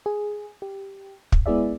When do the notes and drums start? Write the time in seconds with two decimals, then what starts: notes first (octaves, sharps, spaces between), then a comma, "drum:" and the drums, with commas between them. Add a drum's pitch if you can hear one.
0.06 G#4
0.62 G4
1.32 drum: kick
1.46 G#3 B3 E4 G#4 D5 E5